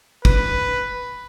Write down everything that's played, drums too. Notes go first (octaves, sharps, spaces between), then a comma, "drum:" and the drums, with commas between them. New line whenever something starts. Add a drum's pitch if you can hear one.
B4, drum: kick